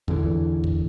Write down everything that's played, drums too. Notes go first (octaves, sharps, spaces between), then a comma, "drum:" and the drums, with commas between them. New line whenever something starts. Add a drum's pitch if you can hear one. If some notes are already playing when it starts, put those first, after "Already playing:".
E2 D3 E3, drum: kick
drum: kick